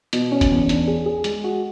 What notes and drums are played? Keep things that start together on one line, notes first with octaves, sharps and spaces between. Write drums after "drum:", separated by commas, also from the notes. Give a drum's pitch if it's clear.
B2, drum: hi-hat
C#4
drum: kick, hi-hat
E2
D4, drum: hi-hat
G#4
G#4
G#3, drum: hi-hat
F#4